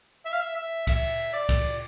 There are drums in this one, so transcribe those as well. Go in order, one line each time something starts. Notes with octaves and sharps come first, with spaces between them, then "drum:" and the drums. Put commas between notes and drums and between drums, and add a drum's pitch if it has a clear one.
E5
F5
E5
E5
E5, drum: kick, cymbal
D5
drum: kick, cymbal